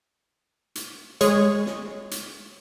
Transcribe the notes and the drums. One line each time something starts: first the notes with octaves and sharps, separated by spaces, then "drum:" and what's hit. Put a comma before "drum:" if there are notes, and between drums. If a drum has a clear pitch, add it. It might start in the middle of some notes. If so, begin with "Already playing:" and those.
drum: hi-hat
G#3 G#4 C#5, drum: hi-hat
drum: snare
drum: hi-hat